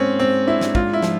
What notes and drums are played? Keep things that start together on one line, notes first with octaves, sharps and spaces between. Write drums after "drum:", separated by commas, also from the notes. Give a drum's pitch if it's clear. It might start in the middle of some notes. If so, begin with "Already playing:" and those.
Already playing: G#2 A#3 C4 C#4
G#2 C4
D4 E4
drum: snare
G#2 F4, drum: kick
E4
F3, drum: snare